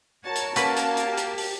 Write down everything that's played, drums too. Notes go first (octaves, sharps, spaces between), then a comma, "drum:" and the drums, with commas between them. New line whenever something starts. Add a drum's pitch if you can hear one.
F#4 A#4 C#5 A5
drum: hi-hat
A#3 C#4 F#4 B4, drum: hi-hat
drum: hi-hat
drum: hi-hat
G4
drum: hi-hat
drum: open hi-hat